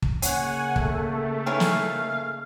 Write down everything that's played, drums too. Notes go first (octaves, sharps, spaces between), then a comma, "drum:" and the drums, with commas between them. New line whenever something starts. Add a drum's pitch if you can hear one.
drum: kick
C#3 A#3 C#4 F#5 G#5, drum: hi-hat
A3, drum: kick
D#3 E3 C#4 F5
drum: snare